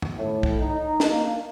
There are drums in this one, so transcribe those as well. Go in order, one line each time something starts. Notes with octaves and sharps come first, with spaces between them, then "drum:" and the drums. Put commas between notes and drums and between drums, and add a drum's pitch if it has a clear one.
drum: tom
A2
drum: kick
D#4
drum: snare
A#3